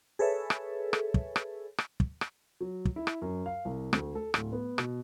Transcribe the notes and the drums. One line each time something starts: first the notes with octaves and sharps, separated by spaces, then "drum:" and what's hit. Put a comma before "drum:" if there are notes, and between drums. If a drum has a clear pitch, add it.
G#4 A4 B4 C#5 E5
drum: rim click
drum: rim click
drum: kick
drum: rim click
drum: rim click
drum: kick
drum: rim click
F#3
drum: kick
E4
drum: rim click
F#2
F5
C2
D2, drum: rim click
A4
D1, drum: rim click
B3
B2, drum: rim click